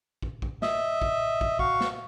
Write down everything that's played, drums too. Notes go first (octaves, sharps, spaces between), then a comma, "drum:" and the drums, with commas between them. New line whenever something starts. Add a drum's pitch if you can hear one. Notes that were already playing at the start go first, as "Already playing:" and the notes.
drum: kick
drum: kick
D#5 E5, drum: snare
drum: kick
drum: kick
F#4 F5 C#6, drum: kick
drum: snare